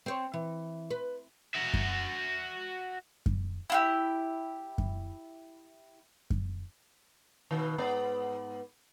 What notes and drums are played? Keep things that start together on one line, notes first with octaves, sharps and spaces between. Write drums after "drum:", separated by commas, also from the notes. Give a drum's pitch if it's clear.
C4 C5 C#5
E3
B4
F#4 E5
drum: kick F#2
drum: kick F#2
E4 F4 G4
drum: kick F#2
drum: kick F#2
B2 D#3
G#2 B3 D5